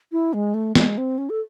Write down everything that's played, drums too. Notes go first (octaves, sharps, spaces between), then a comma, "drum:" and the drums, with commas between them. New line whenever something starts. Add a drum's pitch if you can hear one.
E4
G#3
A3
G#3, drum: snare
C4
C#4
A4